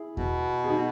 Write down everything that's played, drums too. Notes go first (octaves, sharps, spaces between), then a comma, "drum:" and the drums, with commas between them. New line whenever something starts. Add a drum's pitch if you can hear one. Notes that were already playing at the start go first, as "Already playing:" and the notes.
Already playing: E4 G#4
B2, drum: kick E2
G#4
D#4 F#4